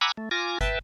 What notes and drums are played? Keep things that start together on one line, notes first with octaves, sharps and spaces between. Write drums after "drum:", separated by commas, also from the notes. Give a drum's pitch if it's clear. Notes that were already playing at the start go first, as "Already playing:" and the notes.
F#5 G#5 A#5 B5 D6 E6
A3
F4 G#5 D6 A#6
B4 E5 G5 A5, drum: kick, hi-hat